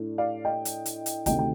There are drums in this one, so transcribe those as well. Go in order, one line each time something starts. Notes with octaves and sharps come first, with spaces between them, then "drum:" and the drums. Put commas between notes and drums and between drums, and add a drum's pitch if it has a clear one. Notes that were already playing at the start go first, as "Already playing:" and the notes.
Already playing: A2 A3 D4
D5 F5
D#5 G5
drum: hi-hat
drum: hi-hat
drum: hi-hat
D2 C3 D#3 A3 D#5 G5, drum: kick, hi-hat
G5